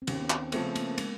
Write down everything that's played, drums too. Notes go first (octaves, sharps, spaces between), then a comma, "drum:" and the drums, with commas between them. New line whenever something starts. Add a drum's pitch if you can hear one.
C4
D#2 C#4, drum: cymbal
B3
C4, drum: clap
C#3 F3 A3 B3 C4, drum: cymbal
A#3, drum: cymbal
G#3, drum: cymbal